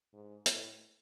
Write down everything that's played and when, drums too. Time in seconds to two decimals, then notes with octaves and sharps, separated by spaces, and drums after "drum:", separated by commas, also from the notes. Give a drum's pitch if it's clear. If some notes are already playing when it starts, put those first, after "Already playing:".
0.13 G#2
0.46 A2, drum: hi-hat